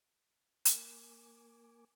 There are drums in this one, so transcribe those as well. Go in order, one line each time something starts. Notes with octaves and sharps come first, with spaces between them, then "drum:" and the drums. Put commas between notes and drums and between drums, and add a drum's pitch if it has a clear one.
A#3 A#4 G#5 D6, drum: hi-hat